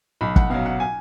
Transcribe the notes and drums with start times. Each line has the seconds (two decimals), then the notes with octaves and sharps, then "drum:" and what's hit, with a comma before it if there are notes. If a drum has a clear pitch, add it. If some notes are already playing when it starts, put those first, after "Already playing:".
0.21 B1 B5
0.36 F#5, drum: kick
0.50 B2 F#3 F5
0.66 F#5
0.80 G#5